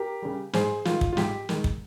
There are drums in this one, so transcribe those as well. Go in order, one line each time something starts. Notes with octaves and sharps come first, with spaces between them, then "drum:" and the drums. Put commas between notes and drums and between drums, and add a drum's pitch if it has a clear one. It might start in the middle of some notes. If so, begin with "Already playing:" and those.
Already playing: G4 A#4
C#3 G3
G#2 G#4 C5, drum: snare
D#3 G#3 F4, drum: snare
drum: kick
F4
G#2 G4, drum: snare
D#3 G#3, drum: snare
drum: kick